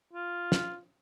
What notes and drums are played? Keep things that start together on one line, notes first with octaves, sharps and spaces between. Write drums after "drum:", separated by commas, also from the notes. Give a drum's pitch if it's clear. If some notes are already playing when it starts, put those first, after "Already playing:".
F4
drum: snare